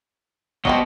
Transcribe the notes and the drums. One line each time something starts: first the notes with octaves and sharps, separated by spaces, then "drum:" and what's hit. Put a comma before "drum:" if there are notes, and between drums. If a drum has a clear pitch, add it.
F#3 G3 B3 C4 D#5, drum: kick